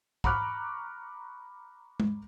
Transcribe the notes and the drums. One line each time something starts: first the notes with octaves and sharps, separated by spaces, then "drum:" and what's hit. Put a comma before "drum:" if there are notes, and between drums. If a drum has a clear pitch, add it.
A#5 B5 C#6 D6 F6 F#6, drum: kick
drum: tom G#3